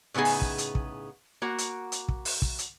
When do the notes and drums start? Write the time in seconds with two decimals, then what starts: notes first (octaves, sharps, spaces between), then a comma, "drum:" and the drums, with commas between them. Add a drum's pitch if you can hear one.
0.14 A2 C#3 B3 D#4 G#4
0.25 drum: open hi-hat
0.42 drum: kick
0.58 drum: hi-hat
0.75 drum: kick
1.42 A#3 F#4
1.58 drum: hi-hat
1.92 drum: hi-hat
2.09 drum: kick
2.25 drum: open hi-hat
2.42 drum: kick
2.59 drum: hi-hat